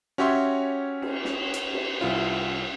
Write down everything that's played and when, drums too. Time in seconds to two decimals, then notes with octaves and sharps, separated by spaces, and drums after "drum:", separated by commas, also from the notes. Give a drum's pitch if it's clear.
0.18 C#4 F#4 G4 C#5 E5 C6
1.02 drum: cymbal
1.25 drum: snare
1.54 drum: hi-hat
1.73 drum: cymbal
2.01 C2 E4 F4